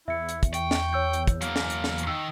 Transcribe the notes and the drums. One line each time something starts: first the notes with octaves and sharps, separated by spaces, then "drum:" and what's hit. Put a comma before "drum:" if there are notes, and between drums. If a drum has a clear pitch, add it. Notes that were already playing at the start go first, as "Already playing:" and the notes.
E2 E4 E5 C#7
drum: hi-hat
drum: kick, hi-hat
G5 C#6, drum: hi-hat
drum: snare
C#5 E6 G6
drum: hi-hat
drum: kick, hi-hat
F#3 A#3 F5, drum: hi-hat
drum: snare
drum: hi-hat
drum: snare
drum: hi-hat
D#3 E6